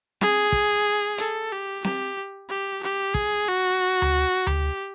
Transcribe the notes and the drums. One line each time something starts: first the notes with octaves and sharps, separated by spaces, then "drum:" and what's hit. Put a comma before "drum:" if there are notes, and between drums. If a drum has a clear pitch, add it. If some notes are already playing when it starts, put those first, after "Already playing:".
G#4, drum: snare C4
drum: kick
A4, drum: hi-hat
G4
G4, drum: snare C4
G4
G4
G#4, drum: kick
F#4
drum: tom D2
G4, drum: tom D2